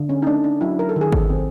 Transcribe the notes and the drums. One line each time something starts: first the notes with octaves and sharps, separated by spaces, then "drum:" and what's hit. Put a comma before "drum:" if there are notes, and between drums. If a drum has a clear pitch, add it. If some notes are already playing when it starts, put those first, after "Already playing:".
Already playing: D3
C#4
D#4
A3 D4
D4
F#3 E4
A#4
A4
D#3
G#4
A4, drum: kick G#1
C4